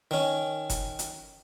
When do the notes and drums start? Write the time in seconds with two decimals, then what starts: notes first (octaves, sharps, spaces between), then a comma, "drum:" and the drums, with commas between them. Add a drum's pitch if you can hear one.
0.11 D#3 C#4
0.70 drum: kick F#1, hi-hat
0.99 drum: hi-hat